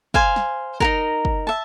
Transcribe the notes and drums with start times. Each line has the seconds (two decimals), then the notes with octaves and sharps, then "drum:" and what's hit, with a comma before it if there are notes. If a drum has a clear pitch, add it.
0.14 C5 F5 G#5, drum: kick
0.36 drum: snare
0.80 D#4 G4 A#4, drum: kick
1.25 drum: kick
1.47 E5 A5